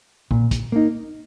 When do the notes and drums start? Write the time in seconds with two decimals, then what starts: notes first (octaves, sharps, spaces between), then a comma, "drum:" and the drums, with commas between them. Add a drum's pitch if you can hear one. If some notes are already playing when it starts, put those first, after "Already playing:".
0.31 A#2, drum: kick
0.51 drum: kick, hi-hat
0.72 A#3 D#4